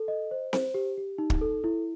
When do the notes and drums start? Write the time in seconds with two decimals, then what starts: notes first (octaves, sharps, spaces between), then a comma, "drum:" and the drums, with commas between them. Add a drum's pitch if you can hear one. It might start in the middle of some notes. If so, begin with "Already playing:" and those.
Already playing: A4
0.08 D#5
0.31 C5
0.53 C5, drum: snare C4
0.74 G4
0.98 G4
1.18 D#4
1.30 drum: kick
1.41 A4
1.64 E4